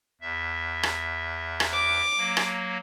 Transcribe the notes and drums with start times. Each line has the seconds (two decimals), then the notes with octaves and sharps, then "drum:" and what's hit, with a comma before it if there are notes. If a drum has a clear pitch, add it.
0.21 E2 E5
0.83 drum: rim click
1.60 drum: rim click
1.73 D6
2.17 F#3 A#3
2.37 drum: rim click